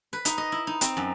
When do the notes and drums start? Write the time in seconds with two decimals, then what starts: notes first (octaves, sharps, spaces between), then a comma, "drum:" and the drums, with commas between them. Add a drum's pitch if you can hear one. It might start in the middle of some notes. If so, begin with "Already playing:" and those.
0.13 B4
0.25 D#4, drum: hi-hat
0.38 D#5
0.52 E4
0.67 D#4
0.81 C4, drum: hi-hat
0.97 F#2